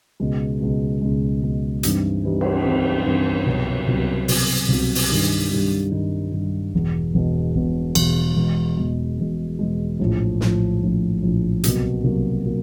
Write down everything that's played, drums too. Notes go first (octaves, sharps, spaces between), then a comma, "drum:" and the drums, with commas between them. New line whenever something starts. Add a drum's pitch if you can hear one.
C#2 B2 G#3
C#2 B2 G#3
C#2 B2 G#3
C#2 B2 G#3
G2 E3 G3 C4 D#4, drum: hi-hat
G2 E3 G3 C4 D#4
drum: cymbal
G2 E3 G3 C4 D#4
G2 E3 G3 C4 D#4
C2 B2 F#3
C2 B2 F#3
C2 B2 F#3, drum: open hi-hat
C2 B2 F#3
drum: open hi-hat
G2 D#3 G3
G2 D#3 G3
G2 D#3 G3
G2 D#3 G3
E1 E2 B2
E1 E2 B2
E1 E2 B2
E1 E2 B2, drum: cymbal
E2 B2 G#3
E2 B2 G#3
E2 B2 G#3
E2 B2 G#3
A#1 A2 F3
A#1 A2 F3, drum: snare
A#1 A2 F3
A#1 A2 F3
C2 B2 F#3 A#3, drum: hi-hat
C2 B2 F#3 A#3
B2 F#3 A#3